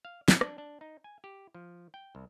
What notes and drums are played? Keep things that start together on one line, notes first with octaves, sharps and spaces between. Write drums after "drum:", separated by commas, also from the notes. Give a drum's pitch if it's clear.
F5
A2, drum: snare
D4, drum: rim click
D4
D#4
G#5
G4
F3
G5
C2